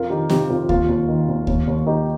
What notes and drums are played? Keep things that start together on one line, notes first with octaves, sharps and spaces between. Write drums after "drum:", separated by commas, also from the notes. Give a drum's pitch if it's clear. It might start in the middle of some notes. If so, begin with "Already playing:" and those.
Already playing: F2 F4 A#4
D#3 D#4 G4
C3 D#4 G4, drum: snare
F2 F4
D#2 F4, drum: kick D2
D#2
D#3
D#2
D#2, drum: kick D2
D#2
D#3 D#4 G4